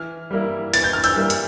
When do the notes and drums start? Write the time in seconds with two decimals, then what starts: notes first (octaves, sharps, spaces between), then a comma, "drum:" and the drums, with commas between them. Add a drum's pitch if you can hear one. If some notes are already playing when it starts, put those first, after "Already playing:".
Already playing: E3 F6
0.31 G3 A#3 E4
0.74 E3 A6, drum: hi-hat
0.84 G6
0.93 F6
1.04 E6 G6, drum: hi-hat
1.16 G3 A#3 E4
1.30 drum: hi-hat